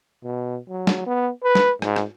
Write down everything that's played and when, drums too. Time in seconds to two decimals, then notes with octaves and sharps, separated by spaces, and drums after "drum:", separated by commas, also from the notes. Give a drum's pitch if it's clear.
0.24 B2
0.69 F#3
0.87 drum: snare
1.07 B3
1.44 B4
1.55 drum: snare
1.82 G#2, drum: rim click
1.96 drum: rim click